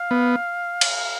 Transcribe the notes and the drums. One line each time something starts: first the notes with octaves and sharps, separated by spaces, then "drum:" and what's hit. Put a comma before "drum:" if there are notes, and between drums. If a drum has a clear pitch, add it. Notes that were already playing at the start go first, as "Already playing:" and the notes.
Already playing: F5
B3
drum: cymbal